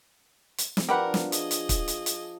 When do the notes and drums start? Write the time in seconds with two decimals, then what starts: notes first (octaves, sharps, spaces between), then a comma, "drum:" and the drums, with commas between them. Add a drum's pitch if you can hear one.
0.58 drum: hi-hat
0.77 drum: snare
0.89 F3 D4 G4 A#4 B4 F#5
1.14 drum: snare
1.32 G#4 D#5, drum: hi-hat
1.51 drum: hi-hat
1.69 drum: kick, hi-hat
1.88 drum: hi-hat
2.06 drum: hi-hat